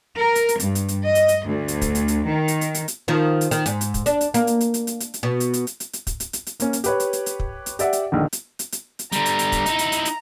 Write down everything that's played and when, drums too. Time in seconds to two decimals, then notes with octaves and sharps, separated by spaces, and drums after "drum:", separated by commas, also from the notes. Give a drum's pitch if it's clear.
0.19 A#4
0.35 drum: hi-hat
0.49 drum: hi-hat
0.60 G2, drum: hi-hat
0.75 drum: hi-hat
0.88 drum: hi-hat
1.06 D#5
1.15 drum: hi-hat
1.28 drum: hi-hat
1.48 D2
1.68 drum: hi-hat
1.81 drum: kick, hi-hat
1.95 drum: hi-hat
2.08 drum: hi-hat
2.27 D#3
2.48 drum: hi-hat
2.61 drum: hi-hat
2.75 drum: hi-hat
2.88 drum: hi-hat
3.08 D#3 F3
3.41 drum: hi-hat
3.51 D#3, drum: hi-hat
3.66 G#2, drum: hi-hat
3.81 drum: hi-hat
3.94 drum: kick, hi-hat
4.06 D4, drum: hi-hat
4.21 drum: hi-hat
4.34 A#3, drum: hi-hat
4.47 drum: hi-hat
4.61 drum: hi-hat
4.74 drum: hi-hat
4.87 drum: hi-hat
5.00 drum: hi-hat
5.14 drum: hi-hat
5.23 B2
5.40 drum: hi-hat
5.54 drum: hi-hat
5.67 drum: hi-hat
5.80 drum: hi-hat
5.93 drum: hi-hat
6.07 drum: kick, hi-hat
6.20 drum: hi-hat
6.33 drum: hi-hat
6.47 drum: hi-hat
6.60 A#3 C#4, drum: hi-hat
6.73 drum: hi-hat
6.84 G4 B4 C#5, drum: hi-hat
7.00 drum: hi-hat
7.13 drum: hi-hat
7.26 drum: hi-hat
7.40 drum: kick
7.66 drum: hi-hat
7.79 G4 D5 E5 F#5, drum: hi-hat
7.93 drum: hi-hat
8.12 A#1 D3 D#3
8.33 drum: hi-hat
8.59 drum: hi-hat
8.72 drum: hi-hat
8.99 drum: hi-hat
9.12 D3 G3 A#5, drum: hi-hat
9.26 drum: hi-hat
9.39 drum: hi-hat
9.52 drum: kick, hi-hat
9.66 D#4 E4, drum: hi-hat
9.79 drum: hi-hat
9.92 drum: hi-hat
10.05 drum: hi-hat